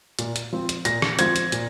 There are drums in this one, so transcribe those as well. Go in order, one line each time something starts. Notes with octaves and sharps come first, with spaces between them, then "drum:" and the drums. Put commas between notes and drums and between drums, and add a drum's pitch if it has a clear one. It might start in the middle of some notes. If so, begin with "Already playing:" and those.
A#2, drum: hi-hat
drum: hi-hat
F3 C4
drum: hi-hat
A#2 A#6, drum: hi-hat
drum: rim click
F3 C4 G#6, drum: hi-hat
drum: hi-hat
A#2, drum: hi-hat